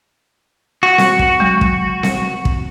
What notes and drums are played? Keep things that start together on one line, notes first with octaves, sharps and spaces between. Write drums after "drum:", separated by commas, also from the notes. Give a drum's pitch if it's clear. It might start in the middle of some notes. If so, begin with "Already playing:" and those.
F#4
drum: snare C4
drum: kick
F#3 G#3
drum: kick
drum: snare C4
drum: kick